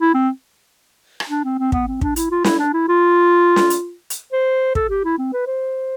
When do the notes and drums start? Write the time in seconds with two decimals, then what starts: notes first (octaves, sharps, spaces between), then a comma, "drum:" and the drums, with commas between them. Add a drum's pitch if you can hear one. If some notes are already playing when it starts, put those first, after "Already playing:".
0.01 E4
0.14 C4
1.20 drum: rim click
1.29 D4
1.44 C4
1.59 C4
1.72 B3, drum: kick
1.87 C4
2.01 D4, drum: kick
2.16 E4, drum: hi-hat
2.31 F4
2.44 E4, drum: snare
2.59 D4
2.73 E4
2.88 F4
3.56 drum: snare
3.70 drum: hi-hat
4.10 drum: hi-hat
4.32 C5
4.75 A4, drum: kick
4.89 G4
5.04 E4
5.18 C4
5.33 B4
5.47 C5